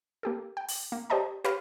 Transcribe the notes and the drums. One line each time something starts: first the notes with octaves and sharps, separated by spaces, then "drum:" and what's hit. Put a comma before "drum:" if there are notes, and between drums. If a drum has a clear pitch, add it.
A#3 G4 A4
G5
drum: open hi-hat
A#3
G4 C5 D5 D#5 A5 A#5
G4 B4 C#5 F5 B5 F6, drum: snare